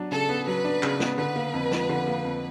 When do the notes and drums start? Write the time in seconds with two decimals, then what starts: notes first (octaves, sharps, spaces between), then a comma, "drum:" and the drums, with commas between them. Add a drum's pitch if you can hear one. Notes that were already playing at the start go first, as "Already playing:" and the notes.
Already playing: F#3 D4
0.11 C#3 A4
0.29 B3
0.47 F#3 B4
0.65 D4
0.83 C#3, drum: clap
1.00 B3, drum: snare
1.18 D3 B4
1.36 A#3
1.54 F2
1.72 F3, drum: snare
1.89 D3
2.07 A#3
2.25 F2